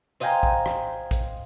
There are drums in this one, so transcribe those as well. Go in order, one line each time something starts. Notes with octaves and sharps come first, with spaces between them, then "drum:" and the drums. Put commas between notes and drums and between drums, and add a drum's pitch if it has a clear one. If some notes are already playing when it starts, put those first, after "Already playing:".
C5 D#5 F5 G5 G#5 A#5, drum: hi-hat
drum: kick A#1
drum: rim click
drum: kick A#1, hi-hat